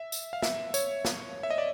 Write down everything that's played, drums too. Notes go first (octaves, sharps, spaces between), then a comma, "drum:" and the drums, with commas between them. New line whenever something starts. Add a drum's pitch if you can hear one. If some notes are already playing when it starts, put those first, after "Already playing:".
Already playing: E5
drum: tambourine
F5
E5, drum: snare
C#5, drum: tambourine
drum: snare
E5
D#5
D5